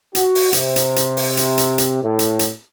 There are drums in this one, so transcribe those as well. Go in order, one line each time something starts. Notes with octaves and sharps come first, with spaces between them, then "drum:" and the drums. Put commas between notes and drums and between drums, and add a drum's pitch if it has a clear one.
F#4, drum: hi-hat
drum: open hi-hat
C3, drum: hi-hat
drum: hi-hat
drum: hi-hat
drum: open hi-hat
drum: hi-hat
drum: hi-hat
drum: hi-hat
A2
drum: hi-hat
drum: hi-hat